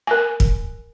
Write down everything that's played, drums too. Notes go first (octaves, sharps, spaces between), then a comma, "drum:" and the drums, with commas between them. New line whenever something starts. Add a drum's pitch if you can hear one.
A#4 G#5
drum: kick